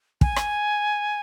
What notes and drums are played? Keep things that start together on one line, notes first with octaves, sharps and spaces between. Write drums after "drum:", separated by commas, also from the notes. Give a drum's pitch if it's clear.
G#5, drum: kick
drum: rim click